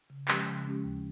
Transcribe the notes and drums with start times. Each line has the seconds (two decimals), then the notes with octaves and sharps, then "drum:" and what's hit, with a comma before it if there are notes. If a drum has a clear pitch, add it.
0.10 C#3
0.28 F3 G#3 C#4 G4, drum: clap
0.47 C#3
0.65 F3 G#3 C#4 G4
0.84 D#2